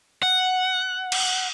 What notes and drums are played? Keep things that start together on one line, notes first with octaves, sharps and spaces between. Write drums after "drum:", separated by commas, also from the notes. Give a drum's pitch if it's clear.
F#5
drum: cymbal